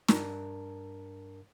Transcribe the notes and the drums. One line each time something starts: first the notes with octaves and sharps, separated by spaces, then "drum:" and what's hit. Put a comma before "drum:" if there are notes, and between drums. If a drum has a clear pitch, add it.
G2 D4 A#4 A5, drum: snare